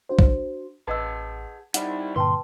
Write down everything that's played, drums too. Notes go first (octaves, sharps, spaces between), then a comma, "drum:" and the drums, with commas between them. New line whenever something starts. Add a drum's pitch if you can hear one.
D4 F#4 C5
drum: kick
A1 G#4 B4 D#5 F#5 A5 E6
G3 D#4 E4 F#5, drum: hi-hat
G2 A#2 D3 B4 G5 A5 C6